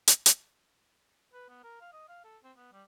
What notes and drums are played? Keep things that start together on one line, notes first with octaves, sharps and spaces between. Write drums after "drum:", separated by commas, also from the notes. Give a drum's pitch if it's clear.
drum: hi-hat
drum: hi-hat
B4
B3
A#4
F5
D#5
F5
A4
C4
B3
G3